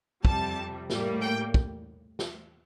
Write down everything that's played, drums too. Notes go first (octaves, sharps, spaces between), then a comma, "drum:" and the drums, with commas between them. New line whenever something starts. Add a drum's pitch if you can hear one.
F2 C3 G3 A5, drum: kick
A2 G3 A#3, drum: snare
G5
drum: kick
drum: snare